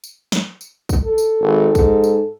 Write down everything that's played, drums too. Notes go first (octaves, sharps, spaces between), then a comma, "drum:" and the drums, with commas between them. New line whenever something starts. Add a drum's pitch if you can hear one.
drum: tambourine
drum: snare
drum: tambourine
drum: kick, tambourine
A4
drum: tambourine
G#1
G#2, drum: kick, tambourine
drum: tambourine